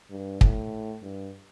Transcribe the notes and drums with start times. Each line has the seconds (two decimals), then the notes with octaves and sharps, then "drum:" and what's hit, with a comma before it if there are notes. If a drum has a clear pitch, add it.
0.10 G2
0.41 A2, drum: kick
1.02 G2